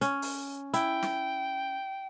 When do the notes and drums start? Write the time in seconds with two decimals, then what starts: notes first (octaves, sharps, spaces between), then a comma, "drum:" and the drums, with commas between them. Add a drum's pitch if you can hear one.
0.01 C#4, drum: hi-hat
0.22 drum: open hi-hat
0.74 E4 G5, drum: hi-hat
1.03 drum: snare